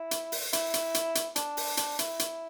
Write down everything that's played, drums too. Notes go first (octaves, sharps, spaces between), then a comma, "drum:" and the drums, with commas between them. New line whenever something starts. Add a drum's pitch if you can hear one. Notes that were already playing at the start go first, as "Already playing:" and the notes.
Already playing: E4
drum: hi-hat
drum: open hi-hat
E4, drum: hi-hat
drum: hi-hat
drum: hi-hat
drum: hi-hat
D4, drum: hi-hat
drum: open hi-hat
D4, drum: hi-hat
E4, drum: hi-hat
drum: hi-hat